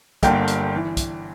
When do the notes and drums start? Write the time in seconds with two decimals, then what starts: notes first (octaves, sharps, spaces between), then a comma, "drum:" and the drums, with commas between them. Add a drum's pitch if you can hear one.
0.23 G1 G2 D3 A#3 G5, drum: kick, hi-hat
0.48 drum: hi-hat
0.76 E3
0.97 drum: kick, hi-hat